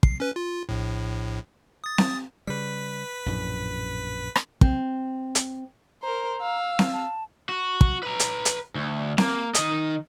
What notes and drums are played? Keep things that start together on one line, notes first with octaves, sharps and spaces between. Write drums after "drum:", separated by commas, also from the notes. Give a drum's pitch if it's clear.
C7, drum: kick
C#4 B4
F4
A#1 A2
D#6 A6
drum: snare C4
C#3 G3 B4 B6
A#1 F#2 A2
drum: rim click
C4, drum: kick
drum: hi-hat
A#4 C5 A#5
F5 E6
drum: snare C4
A5
F#4
drum: kick
B4 A#5
drum: hi-hat
drum: hi-hat
D2
A#3, drum: snare C4
D#3 D#5, drum: hi-hat